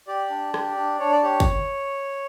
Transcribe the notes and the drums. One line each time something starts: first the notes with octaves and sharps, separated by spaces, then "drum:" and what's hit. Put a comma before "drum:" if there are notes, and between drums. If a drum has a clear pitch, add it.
G4 D5
D4
G4, drum: rim click
D4
D4 C#5
D5
G4 C#5
drum: kick